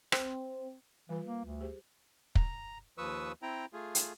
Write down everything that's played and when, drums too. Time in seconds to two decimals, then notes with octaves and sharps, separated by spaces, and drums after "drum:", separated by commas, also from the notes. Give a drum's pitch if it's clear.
0.12 C4, drum: rim click
1.09 E3 G3 F4 B4
1.26 A#3
1.45 D2
1.61 G4 G#4 C5
2.35 A#5, drum: kick
2.98 D#2 F3 B4 C#6 D#6 E6
3.42 C4 E4 G5 A#5
3.73 A3 F4 G#4
3.95 drum: hi-hat